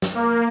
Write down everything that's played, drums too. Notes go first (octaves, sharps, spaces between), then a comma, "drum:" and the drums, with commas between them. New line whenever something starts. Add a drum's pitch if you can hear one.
drum: snare
A#3